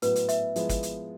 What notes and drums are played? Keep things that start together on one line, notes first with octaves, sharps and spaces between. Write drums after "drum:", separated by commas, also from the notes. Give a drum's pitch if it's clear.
A2 F#3 B3 B4, drum: hi-hat
drum: hi-hat
E5, drum: hi-hat
F3 G#3 B3 E4, drum: hi-hat
drum: kick, hi-hat
drum: hi-hat